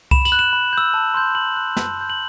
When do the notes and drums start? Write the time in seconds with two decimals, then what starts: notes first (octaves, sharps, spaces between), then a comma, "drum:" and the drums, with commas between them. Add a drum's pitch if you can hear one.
0.11 B5 E7, drum: kick C2
0.25 F#7, drum: tambourine
0.32 F#6
0.39 E7
0.53 B5
0.73 E6 G6
0.94 A5
1.14 C6 E6 G6
1.35 B5 F#7
1.56 F#6
1.76 A5, drum: snare
1.98 E6 G6
2.10 F#7